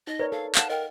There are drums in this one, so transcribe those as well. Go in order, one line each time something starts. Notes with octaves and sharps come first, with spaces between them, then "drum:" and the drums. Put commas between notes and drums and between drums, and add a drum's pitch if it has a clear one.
D#4 D#5
A#4 B4 C#5 D5
A4 F5
F5 F#5 A5, drum: clap
A#4 D#5 G5